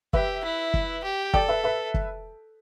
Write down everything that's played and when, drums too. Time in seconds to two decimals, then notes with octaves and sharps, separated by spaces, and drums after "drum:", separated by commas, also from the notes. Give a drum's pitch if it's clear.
0.13 G4 B4 E5, drum: kick
0.44 E4
0.74 drum: kick
1.04 G4
1.34 A4 D5 G5, drum: kick
1.48 B4 E5
1.64 B4 E5
1.94 drum: kick